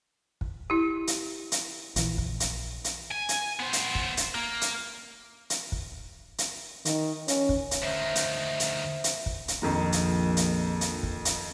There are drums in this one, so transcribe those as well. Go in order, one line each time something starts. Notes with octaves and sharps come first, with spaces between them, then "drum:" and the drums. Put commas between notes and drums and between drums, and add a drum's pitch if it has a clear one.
drum: kick
E4 G4
drum: hi-hat
drum: hi-hat
A#1 E3, drum: hi-hat
drum: kick
drum: hi-hat
drum: hi-hat
G#5
drum: hi-hat
B3 C5
drum: hi-hat
drum: kick
drum: hi-hat
A#3
drum: hi-hat
drum: hi-hat
drum: kick
drum: hi-hat
D#3, drum: hi-hat
C#4, drum: hi-hat
drum: kick
drum: hi-hat
D2 D#3 C5 E5
drum: hi-hat
drum: hi-hat
drum: hi-hat
drum: kick
drum: hi-hat
A#1 F2 D#3 A#5
drum: hi-hat
drum: hi-hat
drum: hi-hat
drum: kick
drum: hi-hat